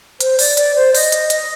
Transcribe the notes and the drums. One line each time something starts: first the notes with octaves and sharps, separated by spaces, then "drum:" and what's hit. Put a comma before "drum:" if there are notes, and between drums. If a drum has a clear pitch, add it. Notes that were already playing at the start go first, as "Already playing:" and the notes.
C5, drum: hi-hat
D5, drum: open hi-hat
D5, drum: hi-hat
C5
D#5, drum: open hi-hat
drum: hi-hat
D#5, drum: hi-hat